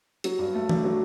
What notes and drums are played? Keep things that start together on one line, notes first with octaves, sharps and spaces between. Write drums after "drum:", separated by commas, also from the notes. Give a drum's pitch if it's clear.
F#3, drum: hi-hat
G2
A3
D4, drum: tom E3
F#3